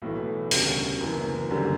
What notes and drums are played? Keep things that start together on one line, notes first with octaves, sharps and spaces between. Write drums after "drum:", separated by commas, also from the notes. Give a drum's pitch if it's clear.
B1 A2 E3 A3
E1 D2 C#3 G3 C#4, drum: open hi-hat
F#1 F#2 E3
F#1 F#2 D3 G3